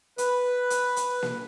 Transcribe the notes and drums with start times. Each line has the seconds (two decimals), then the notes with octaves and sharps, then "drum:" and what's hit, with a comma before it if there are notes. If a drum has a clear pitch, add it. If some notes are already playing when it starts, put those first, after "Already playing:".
0.18 B4, drum: hi-hat
0.70 drum: hi-hat
0.96 drum: hi-hat
1.23 drum: snare A#3